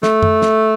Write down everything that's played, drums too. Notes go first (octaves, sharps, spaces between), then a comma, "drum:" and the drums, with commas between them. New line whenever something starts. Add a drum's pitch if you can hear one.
A3, drum: snare
drum: tom
drum: snare